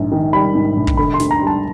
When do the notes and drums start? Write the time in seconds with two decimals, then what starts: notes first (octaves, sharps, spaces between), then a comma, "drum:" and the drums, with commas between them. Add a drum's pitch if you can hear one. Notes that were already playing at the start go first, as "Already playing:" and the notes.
Already playing: A#1 G#2
0.12 D#3
0.33 G3 B5
0.55 G#2
0.77 A#1
0.87 drum: kick
0.97 D3 B5
1.14 C6
1.20 D2, drum: snare
1.31 A#5
1.41 G3
1.47 A5